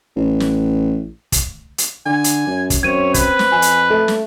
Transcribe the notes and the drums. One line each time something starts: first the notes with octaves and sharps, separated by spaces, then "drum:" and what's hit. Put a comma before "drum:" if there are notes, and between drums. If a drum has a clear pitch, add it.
A1
drum: snare
drum: kick, hi-hat
drum: hi-hat
D3 G#5
drum: hi-hat
F#2
drum: kick, hi-hat
F#2 C4 C#5 G#6 D#7
B4, drum: kick, hi-hat
drum: snare
F2 G#5
drum: hi-hat
A3 A4
drum: snare